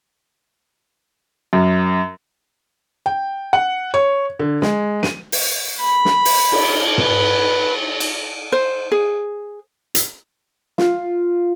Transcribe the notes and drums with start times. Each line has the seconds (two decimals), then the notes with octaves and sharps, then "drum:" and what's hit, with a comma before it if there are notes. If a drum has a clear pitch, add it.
1.53 F#2
3.06 G5
3.53 F#5
3.94 C#5
4.39 D3
4.62 G#3, drum: snare
5.03 D#7, drum: snare
5.32 drum: open hi-hat
5.80 B5
6.05 drum: snare
6.25 drum: open hi-hat
6.52 drum: cymbal
6.98 B4, drum: tom
8.00 drum: cymbal
8.52 C5
8.92 G#4
9.95 drum: hi-hat
10.78 F4, drum: snare